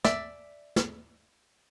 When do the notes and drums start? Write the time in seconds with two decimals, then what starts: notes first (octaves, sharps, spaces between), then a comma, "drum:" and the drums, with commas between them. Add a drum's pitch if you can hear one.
0.05 D5 E5, drum: snare
0.76 drum: snare